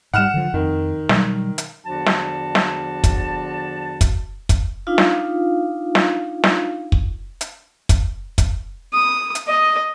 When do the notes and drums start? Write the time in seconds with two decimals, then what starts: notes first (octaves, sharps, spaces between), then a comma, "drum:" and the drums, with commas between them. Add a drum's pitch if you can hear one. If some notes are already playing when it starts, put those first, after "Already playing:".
0.14 G#2 G3 F#5 F6 E7
0.34 D3 F3
0.54 F2 D#3
1.09 B2 F#3 G3, drum: snare
1.58 drum: hi-hat
1.85 E2 D3 F3 D4 F#4 A5
2.06 drum: snare
2.55 drum: snare
3.04 drum: kick, hi-hat
4.01 drum: kick, hi-hat
4.49 drum: kick, hi-hat
4.87 D4 D#4 F4 F5
4.98 drum: snare
5.95 drum: snare
6.44 drum: snare
6.92 drum: kick
7.41 drum: hi-hat
7.89 drum: kick, hi-hat
8.38 drum: kick, hi-hat
8.93 D#6
9.35 drum: hi-hat
9.48 D#5